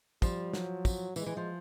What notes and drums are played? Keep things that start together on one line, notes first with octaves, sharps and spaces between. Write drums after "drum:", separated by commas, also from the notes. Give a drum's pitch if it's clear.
F3 G3, drum: kick, tambourine
F#3, drum: snare
drum: kick, tambourine
E3 G#3, drum: tambourine
E3
F3